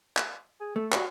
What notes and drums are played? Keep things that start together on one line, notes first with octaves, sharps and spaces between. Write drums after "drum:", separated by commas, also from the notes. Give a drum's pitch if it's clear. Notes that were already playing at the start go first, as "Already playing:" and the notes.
drum: clap
G#4
A3 A4
G3 F#4 C#5, drum: clap